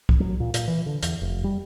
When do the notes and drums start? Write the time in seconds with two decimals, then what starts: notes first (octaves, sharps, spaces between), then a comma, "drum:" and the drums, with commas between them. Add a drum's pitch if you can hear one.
0.09 drum: kick C2
0.20 F#3
0.40 A#2
0.54 A#2, drum: hi-hat
0.67 E3
0.86 D3
1.03 E2, drum: hi-hat
1.21 F1
1.44 G3